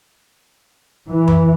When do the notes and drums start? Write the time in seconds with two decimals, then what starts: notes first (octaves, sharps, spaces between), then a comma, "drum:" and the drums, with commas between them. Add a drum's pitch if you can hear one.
1.08 E3
1.28 drum: tom F2